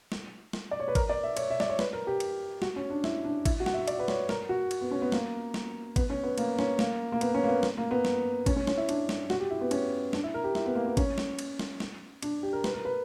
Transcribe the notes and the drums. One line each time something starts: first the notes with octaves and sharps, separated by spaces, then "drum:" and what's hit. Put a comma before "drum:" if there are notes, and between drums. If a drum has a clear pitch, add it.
drum: snare
drum: snare
D5
C#5
B4
A#4, drum: kick G#1, cymbal
D5
E5
C#5, drum: cymbal
E5
D5, drum: snare
C#5
B4, drum: snare
A#4
G4
drum: cymbal
F#4, drum: snare
C#4
D4
E4, drum: snare
D4
E4, drum: kick G#1, cymbal
F#4
F#5, drum: snare
E5
D5, drum: cymbal
B4
C#5, drum: snare
A#4, drum: snare
F#4
drum: cymbal
B3
C#4
B3
A#3, drum: snare
drum: snare
B3, drum: kick G#1, cymbal
C#4
B3
A#3, drum: cymbal
C#4, drum: snare
A#3, drum: snare
A#3
B3, drum: cymbal
C#4
A#3
B3
drum: snare
A#3
B3
drum: snare
C#4, drum: kick G#1, cymbal
C#4
C#4, drum: snare
E4
D4, drum: cymbal
drum: snare
F#4, drum: snare
G4
E4
B3
C#4, drum: cymbal
D4, drum: snare
E4
A#4
G4
E4, drum: snare
B3
A#3
B3
C#4, drum: kick G#1, cymbal
drum: snare
drum: cymbal
drum: snare
drum: snare
D4, drum: cymbal
G4
A#4
B4, drum: snare
A#4
B4